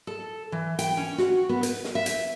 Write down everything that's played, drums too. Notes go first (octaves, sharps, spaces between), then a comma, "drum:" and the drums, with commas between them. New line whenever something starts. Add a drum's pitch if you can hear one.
A4
E3
G5, drum: hi-hat
C#4
F#4, drum: snare
B3
B4, drum: hi-hat
drum: snare
E5
drum: hi-hat